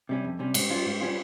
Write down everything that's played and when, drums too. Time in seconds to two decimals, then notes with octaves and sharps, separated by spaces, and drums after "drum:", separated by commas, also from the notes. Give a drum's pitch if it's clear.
0.09 C3 G3 C#4
0.25 F2
0.39 C3 G3 C#4
0.54 G#2, drum: cymbal
0.70 G3 C#4 F4
0.86 G#2
1.01 G3 C#4 F4